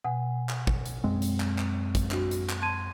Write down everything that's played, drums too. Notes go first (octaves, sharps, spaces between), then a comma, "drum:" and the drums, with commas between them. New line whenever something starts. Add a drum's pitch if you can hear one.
B2 F#5 G#5
drum: clap
drum: kick
drum: hi-hat
F#2 G#3 C4
drum: hi-hat
drum: clap
drum: clap
drum: kick, hi-hat
D4 F#4, drum: clap
drum: hi-hat
drum: clap
A5 C6 G#6 D#7